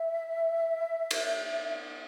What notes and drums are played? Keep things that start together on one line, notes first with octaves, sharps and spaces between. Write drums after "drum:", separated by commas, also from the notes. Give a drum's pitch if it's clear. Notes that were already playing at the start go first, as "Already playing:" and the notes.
Already playing: E5
drum: cymbal